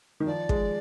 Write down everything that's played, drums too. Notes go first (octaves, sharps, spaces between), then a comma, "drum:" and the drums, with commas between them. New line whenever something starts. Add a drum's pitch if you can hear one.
D#3
F3 D5
G#3, drum: kick